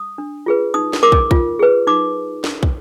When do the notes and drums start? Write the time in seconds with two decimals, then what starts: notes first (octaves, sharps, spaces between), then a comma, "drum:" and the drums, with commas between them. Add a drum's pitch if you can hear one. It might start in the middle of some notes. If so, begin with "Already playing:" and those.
Already playing: D#6
0.18 D4
0.46 F4 G#4 B4
0.74 D#4 D#6
0.93 drum: snare
1.03 A#4 D6
1.12 drum: kick
1.31 F4, drum: kick
1.59 G#4 B4
1.87 D#4 D6
2.44 drum: snare
2.63 drum: kick